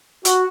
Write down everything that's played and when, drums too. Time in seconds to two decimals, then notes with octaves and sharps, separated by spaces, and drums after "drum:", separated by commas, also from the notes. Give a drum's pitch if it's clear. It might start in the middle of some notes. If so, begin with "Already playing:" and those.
0.25 F#4, drum: hi-hat